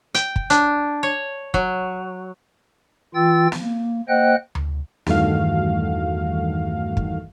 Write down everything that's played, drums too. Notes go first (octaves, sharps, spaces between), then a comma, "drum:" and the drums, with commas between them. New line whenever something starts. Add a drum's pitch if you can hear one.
G5, drum: hi-hat
drum: kick
D4, drum: hi-hat
C#5
F#3, drum: kick
E3 F4 G5 E6 A6
drum: snare
A#3
A#3 C5 D#5 F#5 G5 F#6
drum: tom D2
E2 G2 D#3 A3 F#4 F5, drum: snare
drum: kick